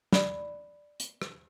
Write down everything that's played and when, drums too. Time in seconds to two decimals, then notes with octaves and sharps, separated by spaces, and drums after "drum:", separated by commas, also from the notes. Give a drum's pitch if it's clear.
0.13 D5 B5, drum: snare
1.00 drum: hi-hat
1.22 drum: rim click